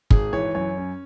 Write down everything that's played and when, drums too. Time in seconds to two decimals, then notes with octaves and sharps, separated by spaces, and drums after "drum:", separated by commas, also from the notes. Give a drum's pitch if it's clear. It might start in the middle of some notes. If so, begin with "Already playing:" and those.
0.11 G#1 G#4, drum: kick
0.33 E3 C#5
0.55 F#2 C#5
0.77 C#4